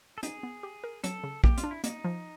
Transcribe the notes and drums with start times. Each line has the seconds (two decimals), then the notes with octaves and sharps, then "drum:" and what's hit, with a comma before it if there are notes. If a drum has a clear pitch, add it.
0.18 A4
0.23 D#4 G#4, drum: hi-hat
0.43 B3
0.63 G4
0.84 A#4
1.04 F#3 A4, drum: hi-hat
1.24 C#3
1.44 A#3 G4, drum: kick A#1
1.58 F4, drum: hi-hat
1.64 D4
1.71 E4
1.84 A#3 D#4, drum: hi-hat
2.04 F3